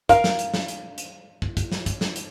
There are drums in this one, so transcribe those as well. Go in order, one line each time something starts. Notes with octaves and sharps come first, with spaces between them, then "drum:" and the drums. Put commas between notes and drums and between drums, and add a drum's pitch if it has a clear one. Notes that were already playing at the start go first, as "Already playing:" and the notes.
A#4 F5, drum: kick, hi-hat
drum: snare
drum: hi-hat
drum: snare
drum: hi-hat
drum: hi-hat
drum: kick
drum: kick, hi-hat
drum: snare
drum: kick, hi-hat
drum: snare
drum: hi-hat